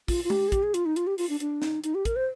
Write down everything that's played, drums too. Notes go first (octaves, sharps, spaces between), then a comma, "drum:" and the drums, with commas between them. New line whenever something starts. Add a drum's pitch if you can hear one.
F4, drum: kick, open hi-hat
F4
G4, drum: tom G#3
G#4
G4, drum: kick, hi-hat
G#4
F4, drum: hi-hat
D#4
F4, drum: hi-hat
G4
F4, drum: open hi-hat
D4
D4, drum: hi-hat
D#4, drum: snare
D#4, drum: hi-hat
G4
A#4, drum: kick, hi-hat
C5